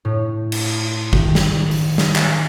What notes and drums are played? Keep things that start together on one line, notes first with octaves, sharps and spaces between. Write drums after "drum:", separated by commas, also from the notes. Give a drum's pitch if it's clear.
A2
drum: cymbal
D#3, drum: kick
drum: snare
drum: open hi-hat
drum: snare
drum: clap